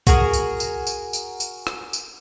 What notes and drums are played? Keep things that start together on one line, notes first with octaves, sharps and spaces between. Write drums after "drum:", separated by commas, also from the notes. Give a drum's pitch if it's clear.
F#4 G#4 A#4, drum: kick B1, tambourine
drum: tambourine
drum: tambourine
drum: tambourine
drum: tambourine
drum: tambourine
drum: rim click
drum: tambourine